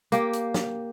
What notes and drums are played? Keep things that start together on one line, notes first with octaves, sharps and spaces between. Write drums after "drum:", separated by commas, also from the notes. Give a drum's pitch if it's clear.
A#3 G4, drum: hi-hat
drum: hi-hat
drum: snare